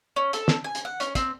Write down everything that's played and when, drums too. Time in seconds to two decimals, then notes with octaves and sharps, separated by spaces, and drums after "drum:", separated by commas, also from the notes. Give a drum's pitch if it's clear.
0.16 C#4
0.33 A4, drum: hi-hat
0.48 drum: snare
0.64 G#5
0.75 drum: hi-hat
0.85 F#5
1.00 C#4, drum: hi-hat
1.15 C4, drum: kick, hi-hat